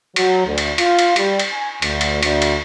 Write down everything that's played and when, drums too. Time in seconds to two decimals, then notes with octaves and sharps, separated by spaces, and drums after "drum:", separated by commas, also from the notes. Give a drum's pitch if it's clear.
0.16 F#3, drum: cymbal
0.46 D2
0.58 drum: cymbal
0.78 F4, drum: cymbal
0.99 drum: cymbal
1.16 G3, drum: cymbal
1.39 drum: cymbal
1.51 G#5
1.82 D2, drum: cymbal
2.01 drum: cymbal
2.23 D2, drum: cymbal
2.42 drum: cymbal